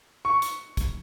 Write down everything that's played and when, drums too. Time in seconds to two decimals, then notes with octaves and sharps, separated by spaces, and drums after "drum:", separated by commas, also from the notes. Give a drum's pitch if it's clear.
0.25 C#6
0.42 drum: hi-hat
0.77 drum: kick, hi-hat